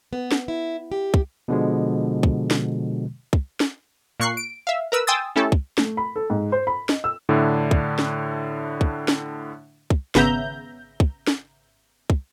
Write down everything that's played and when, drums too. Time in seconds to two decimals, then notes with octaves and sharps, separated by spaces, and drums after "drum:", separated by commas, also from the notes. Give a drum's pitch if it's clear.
0.13 B3
0.31 drum: snare
0.48 E4
0.92 G4
1.14 drum: kick
1.48 B2 D3 F3 G#3
2.23 drum: kick
2.51 drum: snare
3.33 drum: kick
3.60 drum: snare
4.20 A#2 A#3 C#6 F#6 C7
4.37 D7
4.67 E5 F5
4.92 A#4 B4 E6
5.07 G5 G#5 C6 D#6 E6 A6
5.36 A3 C#4 E4 G4 A4
5.52 drum: kick
5.78 A3, drum: snare
5.97 B5
6.16 A4
6.30 G#2
6.52 C5
6.67 B5
6.89 D#5, drum: snare
7.04 E6
7.29 A2 D3 D4 E4
7.71 drum: kick
7.99 drum: snare
8.81 drum: kick
9.08 drum: snare
9.90 drum: kick
10.15 G#1 C#3 B3 E5 A#5 G6, drum: snare
11.00 drum: kick
11.27 drum: snare
12.10 drum: kick